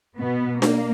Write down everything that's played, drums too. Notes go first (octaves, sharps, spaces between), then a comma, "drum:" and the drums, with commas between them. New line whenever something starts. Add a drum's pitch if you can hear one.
B2 B3
A#3, drum: snare D4